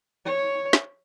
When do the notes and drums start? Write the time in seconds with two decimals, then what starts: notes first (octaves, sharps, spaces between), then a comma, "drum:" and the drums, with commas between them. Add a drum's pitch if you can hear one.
0.25 C#5
0.73 drum: snare